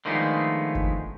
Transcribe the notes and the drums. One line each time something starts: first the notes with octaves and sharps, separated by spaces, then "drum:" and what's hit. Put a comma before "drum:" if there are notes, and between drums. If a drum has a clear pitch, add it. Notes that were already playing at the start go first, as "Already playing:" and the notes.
D3 D#3 F3 G#3 A3 B3
drum: kick